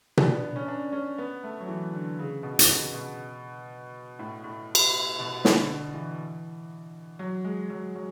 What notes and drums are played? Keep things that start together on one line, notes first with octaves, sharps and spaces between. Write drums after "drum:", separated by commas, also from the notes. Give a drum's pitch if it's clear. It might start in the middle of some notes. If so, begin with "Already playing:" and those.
D4, drum: tom B2
B3
B3
C#4
D4
C#4
B3
A3
F#3
E3
D3
C#3
B2
drum: hi-hat
B2
B2
A2
A2
drum: cymbal
B2
D3, drum: snare
E3
F#3
G#3
F#3
F#3